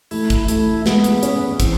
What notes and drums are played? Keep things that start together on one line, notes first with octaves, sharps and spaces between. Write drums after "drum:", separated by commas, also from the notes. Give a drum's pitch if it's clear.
A3 E4, drum: open hi-hat
drum: kick, hi-hat
A3 E4, drum: hi-hat
G#3 B3, drum: snare
drum: hi-hat
C#4, drum: hi-hat
E3 C4, drum: kick, hi-hat